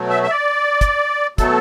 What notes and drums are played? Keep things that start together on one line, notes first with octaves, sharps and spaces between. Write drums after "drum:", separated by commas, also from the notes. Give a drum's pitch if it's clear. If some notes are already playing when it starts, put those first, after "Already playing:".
Already playing: B2 F#3 A3
E5
E5
D5
drum: kick, hi-hat
B2 F#3 A3 A4, drum: kick, hi-hat